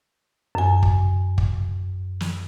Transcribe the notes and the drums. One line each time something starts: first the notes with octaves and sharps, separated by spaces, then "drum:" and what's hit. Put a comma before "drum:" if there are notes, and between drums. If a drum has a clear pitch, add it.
F#2 G#5
drum: kick
drum: kick
drum: snare